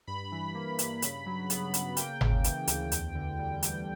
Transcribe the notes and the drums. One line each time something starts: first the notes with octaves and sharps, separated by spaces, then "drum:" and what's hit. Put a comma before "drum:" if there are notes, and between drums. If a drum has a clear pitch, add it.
G2 B5
E3
A#3
G2, drum: hi-hat
C#3, drum: hi-hat
F#3
B3, drum: hi-hat
C#3, drum: hi-hat
A#3 G5, drum: hi-hat
C#3, drum: tom G1
E3, drum: hi-hat
D2, drum: hi-hat
E2, drum: hi-hat
D3
G3
E2, drum: hi-hat